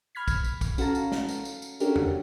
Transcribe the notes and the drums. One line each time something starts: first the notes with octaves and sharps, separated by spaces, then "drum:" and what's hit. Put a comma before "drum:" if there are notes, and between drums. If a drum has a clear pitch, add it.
B5 F6 G#6 B6
drum: kick A#1, tambourine
drum: tambourine
drum: kick A#1, tambourine
C#4 F#4 A4 F5 A5 A#5, drum: tambourine
drum: tambourine
drum: snare
drum: tambourine
drum: tambourine
drum: tambourine
C#4 D4 F#4 G4 A4 A#4, drum: tambourine
drum: tom E2